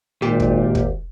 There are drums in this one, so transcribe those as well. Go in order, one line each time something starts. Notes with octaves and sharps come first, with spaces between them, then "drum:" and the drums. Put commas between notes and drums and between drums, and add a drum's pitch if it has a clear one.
G#1 A#2 G4 D5
drum: kick
drum: kick